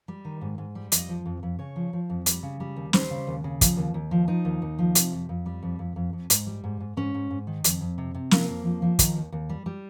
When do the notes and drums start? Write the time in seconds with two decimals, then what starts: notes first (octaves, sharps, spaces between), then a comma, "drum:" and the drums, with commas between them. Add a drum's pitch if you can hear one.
0.08 G3
0.25 D#3
0.41 G#2
0.58 G#2
0.75 G3
0.92 F2 D#5, drum: hi-hat
1.09 F3
1.26 F2
1.43 F2
1.59 C#3 C#5
1.76 F3
1.93 F3
2.10 F2
2.26 G3, drum: hi-hat
2.43 C#3
2.60 G3
2.76 D#2
2.93 G3 C5, drum: snare
3.10 C#3
3.27 D#2
3.44 C#3
3.61 F3, drum: kick, hi-hat
3.77 D#2
3.94 D#2
4.11 F3
4.28 F3 D#4
4.45 D#2
4.62 D#2
4.79 F3
4.95 C3, drum: hi-hat
5.12 F2
5.29 F2
5.46 G3
5.63 F2
5.79 F2
5.96 F2
6.13 F2
6.30 G#2, drum: hi-hat
6.47 G3
6.64 G#2
6.80 G#2
6.97 G#2 C#4
7.14 G#2
7.31 G#2
7.47 D#3
7.64 F2, drum: hi-hat
7.81 F2
7.98 C3
8.14 C3
8.31 F3 A#3, drum: snare
8.48 F2
8.65 F3
8.82 F3
8.99 D#3, drum: kick, hi-hat
9.15 D#2
9.32 D#2
9.50 G3
9.66 G3